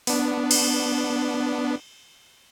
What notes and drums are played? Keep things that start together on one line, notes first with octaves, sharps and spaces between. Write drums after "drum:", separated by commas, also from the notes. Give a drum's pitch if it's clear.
B3 D4, drum: open hi-hat
drum: cymbal